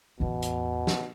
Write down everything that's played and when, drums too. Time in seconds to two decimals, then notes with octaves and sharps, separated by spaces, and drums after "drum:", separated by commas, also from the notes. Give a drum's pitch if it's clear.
0.20 A1 E2 B2
0.42 drum: hi-hat
0.87 drum: snare